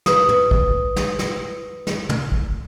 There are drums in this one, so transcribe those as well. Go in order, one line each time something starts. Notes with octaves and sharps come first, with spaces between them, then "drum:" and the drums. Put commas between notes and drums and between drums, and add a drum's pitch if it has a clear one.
B4 D#6, drum: snare
drum: tom
drum: kick
drum: snare
drum: snare
drum: snare
drum: tom
drum: kick